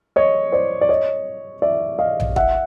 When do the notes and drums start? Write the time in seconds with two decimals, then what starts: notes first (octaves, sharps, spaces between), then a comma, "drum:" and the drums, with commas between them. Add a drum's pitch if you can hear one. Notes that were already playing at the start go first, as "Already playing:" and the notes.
0.16 C#5 D#5
0.52 C5 D5
0.81 D5
0.89 C#5 D#5
1.62 D5 E5
1.99 D#5 F5
2.20 drum: tom A#1
2.36 E5 F#5, drum: kick